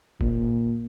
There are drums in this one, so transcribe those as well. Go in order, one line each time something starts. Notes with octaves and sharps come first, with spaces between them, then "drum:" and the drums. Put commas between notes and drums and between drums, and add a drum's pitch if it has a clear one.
A#2, drum: kick F1